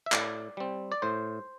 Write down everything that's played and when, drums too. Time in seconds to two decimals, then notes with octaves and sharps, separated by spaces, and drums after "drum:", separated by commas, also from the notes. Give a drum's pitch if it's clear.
0.06 E5
0.12 A2 D5, drum: clap
0.57 G3 C4
0.92 D5
1.02 A2 C5